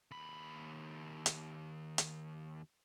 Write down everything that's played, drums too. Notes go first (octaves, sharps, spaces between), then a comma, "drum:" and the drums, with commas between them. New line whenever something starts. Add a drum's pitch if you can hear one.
D#2 B5
drum: hi-hat
drum: hi-hat